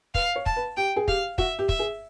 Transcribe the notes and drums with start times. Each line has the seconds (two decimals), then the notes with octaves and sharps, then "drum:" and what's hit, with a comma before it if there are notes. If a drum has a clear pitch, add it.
0.15 B4 F5, drum: kick
0.36 C#5
0.46 A5, drum: kick
0.56 B4
0.77 G4 G5
0.96 G#4
1.08 G4 F5, drum: kick
1.38 F#4 E5, drum: kick
1.59 G4
1.69 E5, drum: kick
1.79 G#4